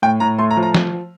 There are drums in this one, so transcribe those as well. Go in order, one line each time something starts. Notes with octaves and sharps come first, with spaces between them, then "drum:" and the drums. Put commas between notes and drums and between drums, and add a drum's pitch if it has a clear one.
A2 G5
A2 A#5
A3 C6
A#5
F3
A#5
drum: snare